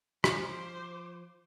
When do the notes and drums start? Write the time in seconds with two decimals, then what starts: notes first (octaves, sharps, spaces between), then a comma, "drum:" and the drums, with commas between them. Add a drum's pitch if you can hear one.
0.24 F3 C5 D6, drum: rim click